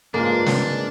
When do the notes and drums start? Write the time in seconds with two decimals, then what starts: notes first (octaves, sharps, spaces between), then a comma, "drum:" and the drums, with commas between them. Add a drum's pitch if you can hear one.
0.14 G#2 C#3 E3 G#3 A#3 D4 F4
0.47 drum: snare